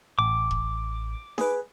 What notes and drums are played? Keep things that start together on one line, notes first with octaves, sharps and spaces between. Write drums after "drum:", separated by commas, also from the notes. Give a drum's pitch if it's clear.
A1 D6
drum: kick E1
G#4 B4, drum: snare D#4